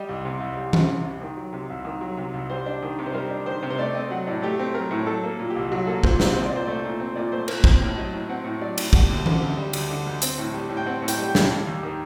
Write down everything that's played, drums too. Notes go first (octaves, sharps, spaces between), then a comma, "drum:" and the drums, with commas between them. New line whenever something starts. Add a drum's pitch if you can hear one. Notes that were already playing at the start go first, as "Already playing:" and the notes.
Already playing: G3 D#5
C2
C3
C2
G3
C2, drum: tom E3
C3
C2
D#3
F#3
C3
C2
D#3
F#3
C3
C2
G3 C5
D4
D#3
C3
C5
G3 A#4
D4
D#3 C5
C3
C5
A3 D5
C4 D#5
F#3 F#5
A2 D5
A3 G4
C4
F#3 A#4
A2
F#3 A4
A#3
A#2
G4
C2
F#3 F#4
A#3 A4
A#2 C5, drum: kick
C2 C5, drum: snare
C4 D#5
D5
A#2 C5
A3 D5
A#2
C4
A#2 D5
A3 C5
A#2 A#4, drum: cymbal
C4, drum: kick
A2
F#3 D#5
A2
C4 F#5
A2
F#3 D5
A2, drum: cymbal
G3 F#5, drum: kick
D2
D3, drum: tom E3
D2
G3
D2, drum: cymbal
D3
D2
C4, drum: hi-hat
A2
G3
A2
G5
C4 F#5
A2
G5, drum: hi-hat
G3
G5
A2, drum: snare
G3
D#2
D#3